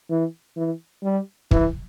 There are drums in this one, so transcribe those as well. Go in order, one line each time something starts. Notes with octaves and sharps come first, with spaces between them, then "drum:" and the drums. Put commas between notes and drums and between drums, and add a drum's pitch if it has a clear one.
E3
E3
G3
E3, drum: kick